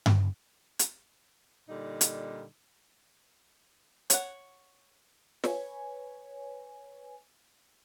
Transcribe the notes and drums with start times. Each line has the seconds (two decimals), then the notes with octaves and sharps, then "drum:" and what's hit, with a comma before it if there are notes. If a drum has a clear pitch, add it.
0.06 drum: tom G2
0.79 drum: hi-hat
1.68 A#2 D3 G3 D#4
2.01 drum: hi-hat
4.10 C#5 F#5, drum: hi-hat
5.44 B4 C#5 G#5, drum: snare